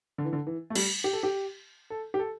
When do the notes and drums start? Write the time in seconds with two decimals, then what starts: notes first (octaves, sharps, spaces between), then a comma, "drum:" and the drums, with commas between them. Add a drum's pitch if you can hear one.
0.18 D3
0.25 E3
0.33 D3
0.47 E3
0.70 A3
0.75 G3, drum: cymbal
1.04 G4
1.13 A4
1.23 G4
1.90 A4
2.14 G4
2.19 A4